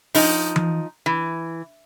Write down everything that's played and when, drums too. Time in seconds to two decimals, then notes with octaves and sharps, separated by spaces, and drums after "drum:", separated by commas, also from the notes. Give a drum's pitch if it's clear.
0.15 F3 D#4, drum: open hi-hat
0.56 drum: tom E3
1.06 E3